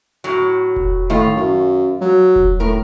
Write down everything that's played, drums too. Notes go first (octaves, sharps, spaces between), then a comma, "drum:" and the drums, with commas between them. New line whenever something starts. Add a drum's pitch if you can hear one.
A2 F#3
drum: kick E1
A2 D#3 F4
F#2
F#3
drum: kick E1
A2 A#4